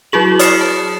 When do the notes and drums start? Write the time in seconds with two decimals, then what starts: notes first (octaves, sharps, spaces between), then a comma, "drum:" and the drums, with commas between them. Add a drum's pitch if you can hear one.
0.12 F#3 E4 F#4 G#4 F#7
0.39 D#6 F6 A6 C7 C#7 E7, drum: hi-hat
0.61 A5